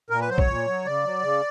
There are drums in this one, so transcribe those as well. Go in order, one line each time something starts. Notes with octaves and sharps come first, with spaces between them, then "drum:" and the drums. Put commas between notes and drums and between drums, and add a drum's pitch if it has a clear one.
A#2 A#4
B4
F#3 C5
C#5, drum: kick
A#2
F#3
C#3 D5
F#3
C#3